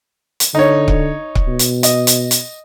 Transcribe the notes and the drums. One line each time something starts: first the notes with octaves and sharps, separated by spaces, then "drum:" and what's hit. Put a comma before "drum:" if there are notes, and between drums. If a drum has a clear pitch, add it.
drum: hi-hat
D3 D#4 C#5
drum: kick C#1
drum: kick C#1
B2
drum: hi-hat
D#5, drum: hi-hat
drum: hi-hat
drum: hi-hat